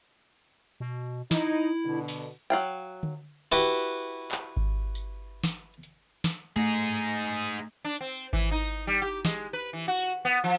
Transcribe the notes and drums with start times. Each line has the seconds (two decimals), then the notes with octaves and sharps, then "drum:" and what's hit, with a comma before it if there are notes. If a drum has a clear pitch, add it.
0.80 B2
1.31 D#4 E4, drum: snare
1.85 B2 D3
2.08 drum: open hi-hat
2.50 F#3 F5 G5
3.03 drum: tom D3
3.52 E4 F#4 G4 B4
4.31 drum: clap
4.57 drum: kick G#1
4.95 drum: tambourine
5.44 drum: snare
5.83 drum: hi-hat
6.24 drum: snare
6.56 A3 D#4 G#4
7.85 D4
8.01 C4
8.33 E3, drum: kick G#1
8.51 D#4
8.87 G3
9.02 G4
9.25 G#3, drum: snare
9.53 B4
9.73 E3
9.88 F#4
10.25 B3
10.44 F3